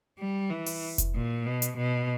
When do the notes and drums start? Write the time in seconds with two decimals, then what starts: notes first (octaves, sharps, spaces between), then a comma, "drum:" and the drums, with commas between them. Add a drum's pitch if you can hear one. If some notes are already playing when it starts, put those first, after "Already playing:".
0.19 G3
0.50 E3
0.66 drum: open hi-hat
0.98 drum: kick F1, hi-hat
1.15 A#2
1.46 B2
1.62 drum: hi-hat
1.77 B2